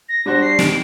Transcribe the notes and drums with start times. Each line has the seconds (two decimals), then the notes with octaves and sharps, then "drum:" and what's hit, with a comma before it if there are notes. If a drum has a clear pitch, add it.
0.09 A#6
0.26 G3 D4 F#4 C5 A#6
0.42 C7
0.59 D#3 D7, drum: snare